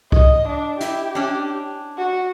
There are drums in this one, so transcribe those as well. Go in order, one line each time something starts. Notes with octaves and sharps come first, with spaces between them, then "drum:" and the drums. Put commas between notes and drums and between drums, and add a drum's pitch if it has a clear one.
D#5, drum: kick C2
D4
E4 G4, drum: hi-hat
C#4 D4
F#4